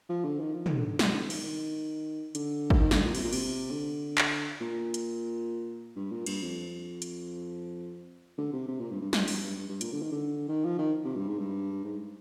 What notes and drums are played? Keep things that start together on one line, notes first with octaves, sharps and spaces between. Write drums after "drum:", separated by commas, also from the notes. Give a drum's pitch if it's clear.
F3
D3
D#3
F3
D#3, drum: tom
D3
D3
C3, drum: snare
D3
D#3, drum: cymbal
D#3
D3, drum: hi-hat
drum: kick G#1
D#3
D3, drum: snare
A#2
C3, drum: cymbal
A#2
C3, drum: cymbal
D3
drum: clap
A#2
drum: hi-hat
G2
A#2
G2, drum: cymbal
F2
drum: hi-hat
D3
C3
C3
A#2
G2
G2
G2, drum: snare
G2, drum: open hi-hat
G2
G2
G2
A#2, drum: hi-hat
D3
D#3
D3
D#3
F3
D#3
C3
G2
G#2
G2
G#2